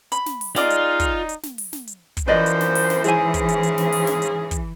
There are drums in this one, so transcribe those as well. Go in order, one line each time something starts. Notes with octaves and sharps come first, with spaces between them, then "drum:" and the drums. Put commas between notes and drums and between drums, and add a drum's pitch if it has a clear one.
B5, drum: hi-hat
drum: snare
drum: open hi-hat
G#3 D#4 F4 D5 D#5 C6 D6 F6, drum: snare
drum: hi-hat
drum: kick, hi-hat
drum: hi-hat
drum: snare
drum: open hi-hat
drum: snare
drum: hi-hat
drum: kick, hi-hat
F#2 E3 F3 B4 C5 D5 D#5
drum: hi-hat
drum: snare
drum: open hi-hat
drum: snare
G#2 C#3 E4 G#4 C5 G#5, drum: hi-hat
drum: kick, hi-hat
drum: hi-hat
drum: hi-hat
drum: snare
drum: open hi-hat
drum: snare
drum: hi-hat
drum: kick, hi-hat